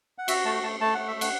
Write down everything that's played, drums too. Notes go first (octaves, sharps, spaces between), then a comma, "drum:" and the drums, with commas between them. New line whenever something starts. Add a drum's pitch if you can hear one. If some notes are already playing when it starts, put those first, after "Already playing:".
F#5
F#4 E5, drum: cymbal
A3 A5
A3 A5
A3 A5
A3 F#5
E5
A3
F#5, drum: cymbal